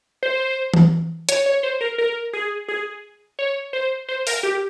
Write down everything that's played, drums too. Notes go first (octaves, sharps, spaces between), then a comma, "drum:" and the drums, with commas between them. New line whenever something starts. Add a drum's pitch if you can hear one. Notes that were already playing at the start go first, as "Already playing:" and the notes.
C5
drum: tom E3
C#5, drum: hi-hat
C#5
C5
A#4
A#4
G#4
G#4
C#5
C5
C5
A#4, drum: open hi-hat
G4